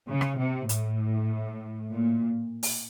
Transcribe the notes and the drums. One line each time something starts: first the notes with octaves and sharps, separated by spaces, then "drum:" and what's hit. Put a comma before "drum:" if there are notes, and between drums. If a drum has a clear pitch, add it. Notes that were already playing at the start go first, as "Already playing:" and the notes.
C#3
drum: rim click
C3
A2, drum: hi-hat
A#2
drum: open hi-hat